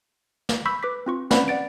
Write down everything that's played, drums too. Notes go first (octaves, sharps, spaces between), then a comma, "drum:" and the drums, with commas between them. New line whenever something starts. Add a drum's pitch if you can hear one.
drum: snare
B5 C#6 E6 G6 B6
B4 D6 B6
C4 F4 C#6
C4 C#4 B4 D5 F#5 B5, drum: snare
D5 F#5 A6 D7